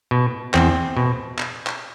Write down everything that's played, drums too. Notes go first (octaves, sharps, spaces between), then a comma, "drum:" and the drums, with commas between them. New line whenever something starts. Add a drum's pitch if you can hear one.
B2
E2 C4, drum: clap
B2
drum: clap
drum: clap